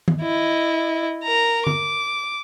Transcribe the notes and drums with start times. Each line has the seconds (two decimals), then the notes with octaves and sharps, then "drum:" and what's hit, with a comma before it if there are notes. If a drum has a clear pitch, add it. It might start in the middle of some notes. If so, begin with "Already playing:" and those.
0.08 drum: tom D#3
0.21 E4 D#5
1.24 A#4 A#5
1.67 D6, drum: tom D3